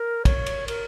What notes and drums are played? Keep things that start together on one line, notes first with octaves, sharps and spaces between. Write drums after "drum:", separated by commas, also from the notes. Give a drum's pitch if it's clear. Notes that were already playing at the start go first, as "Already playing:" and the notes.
Already playing: A#4
C#5, drum: kick, cymbal
drum: cymbal
A#4, drum: cymbal